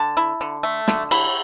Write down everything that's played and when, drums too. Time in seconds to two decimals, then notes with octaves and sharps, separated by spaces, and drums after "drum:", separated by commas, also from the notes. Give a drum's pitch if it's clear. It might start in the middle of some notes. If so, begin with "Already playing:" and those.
Already playing: D3 A5
0.17 E4
0.41 D3
0.63 A3
0.88 D3, drum: snare
1.11 E4, drum: cymbal